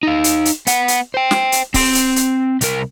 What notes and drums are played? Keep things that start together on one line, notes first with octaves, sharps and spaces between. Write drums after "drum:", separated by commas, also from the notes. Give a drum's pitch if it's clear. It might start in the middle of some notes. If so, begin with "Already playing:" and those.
D#4 F5
drum: hi-hat
drum: hi-hat
B3 F#5, drum: hi-hat
drum: hi-hat
C5 G5
drum: snare
drum: hi-hat
C4 C6, drum: kick C#1, open hi-hat
drum: hi-hat
drum: hi-hat
C2 A#4, drum: hi-hat